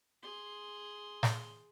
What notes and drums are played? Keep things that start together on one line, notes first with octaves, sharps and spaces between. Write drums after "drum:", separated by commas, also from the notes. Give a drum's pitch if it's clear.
G#4 C6
drum: snare